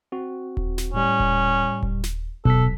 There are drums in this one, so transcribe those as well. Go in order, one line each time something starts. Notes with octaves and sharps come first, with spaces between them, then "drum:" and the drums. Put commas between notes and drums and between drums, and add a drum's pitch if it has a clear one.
C4 F#4
drum: kick D#1
drum: snare
A2 G3 C#4
drum: kick D#1
drum: kick D#1
drum: snare
B1 B2 A4 B6, drum: kick D#1